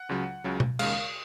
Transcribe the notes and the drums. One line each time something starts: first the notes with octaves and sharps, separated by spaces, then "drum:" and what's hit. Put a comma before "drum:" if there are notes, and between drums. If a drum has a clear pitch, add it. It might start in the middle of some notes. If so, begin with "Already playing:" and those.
Already playing: F#5
C#2 C#3 F#3
C#2 C#3 F#3
drum: tom B2
D#2 C#3 G#3 F5, drum: cymbal